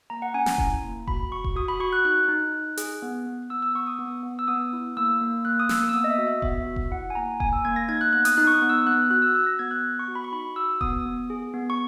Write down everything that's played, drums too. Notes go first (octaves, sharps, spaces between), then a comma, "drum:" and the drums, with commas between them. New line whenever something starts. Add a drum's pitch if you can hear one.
A#3 A#5
F#5
C#4 G#5
A#5, drum: snare
E4, drum: kick E1
A#3
F#4 B5, drum: kick E1
F#4 C#6
drum: kick E1
F#4 D#6
B5
F#4 C#6
F#6
D#4 F#6
D#4
D#4
G#4, drum: hi-hat
B3
B3
B3 E6
E6
B3 C#6
D#6
B3
B3
E6
B3 D#6
E4
A#3 E6
A#3
A#3 F#6
D#6
A#3 E6, drum: snare
E6
B3 D#6
D#5
E5
F#4
E5
B3 E5, drum: kick E1
F#4
drum: kick E1
E4 F#5
G#5
A#3 A#5
A#3 G#5, drum: kick E1
E6
A#3 G#6
A#6
D#4 G#6
F#6
B3 F#6
D#6, drum: hi-hat
D#4 F#6
C#6
D#6
B3
E6
B3 F#6
F#4 F#6
E6
F#4 E6
A#6
B3 G#6
F#6
B3
C#6
F#4
B5
C#6
D#4 B5
F#4 E6
B3 D#6, drum: kick E1
B3
G#4
B3
C#6